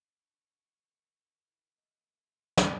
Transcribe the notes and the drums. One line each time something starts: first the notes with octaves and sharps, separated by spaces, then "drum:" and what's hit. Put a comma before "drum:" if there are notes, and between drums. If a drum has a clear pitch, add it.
D4 C#6
D#3
E4
A3 A#3 A4 D#5 F5
C6
drum: snare